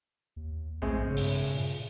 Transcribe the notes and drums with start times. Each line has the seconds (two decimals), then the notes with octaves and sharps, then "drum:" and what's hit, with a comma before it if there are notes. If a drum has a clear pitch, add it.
0.36 D#2
0.82 A#1 A2 G#3 C4
1.05 G2 C#3
1.17 drum: open hi-hat
1.53 A#2